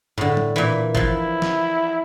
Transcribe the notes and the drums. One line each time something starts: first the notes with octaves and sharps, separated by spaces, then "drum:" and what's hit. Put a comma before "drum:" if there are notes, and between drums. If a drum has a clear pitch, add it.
A2 D3, drum: tom
drum: tom
A#2 E3
E3 F3 E4, drum: kick G#1
drum: snare